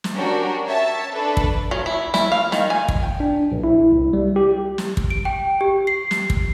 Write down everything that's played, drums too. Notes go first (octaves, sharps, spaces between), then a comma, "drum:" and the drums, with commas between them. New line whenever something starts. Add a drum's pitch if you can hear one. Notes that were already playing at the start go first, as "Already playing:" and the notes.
drum: snare
C#4 D4 F#4 G4 A#4
C#5 E5 A5
D4 A4 B4
drum: kick
F#3
E4
E4, drum: snare
F5
D#3, drum: snare
G#5
drum: kick
G5
D4
A#1
E4
C2
G3
G4
drum: snare
drum: kick
D7
G5
G4
C7
drum: snare
drum: kick